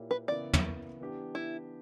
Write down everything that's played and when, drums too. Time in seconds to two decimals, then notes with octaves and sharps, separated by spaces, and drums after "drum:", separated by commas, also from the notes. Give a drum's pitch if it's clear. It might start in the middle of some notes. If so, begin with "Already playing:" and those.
Already playing: A#2 A#3 E4 G4 C#5
0.11 B4
0.28 C#3 E3 B3 E4 A#4 D5
0.54 drum: tom
1.00 E3 B3 D4 G4
1.35 E4